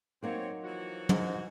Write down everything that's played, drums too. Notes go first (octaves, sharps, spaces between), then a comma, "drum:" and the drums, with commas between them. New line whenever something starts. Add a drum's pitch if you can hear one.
F#3 A#3 C4 D#4 C#5
E3 F3 F#4
G#2, drum: tom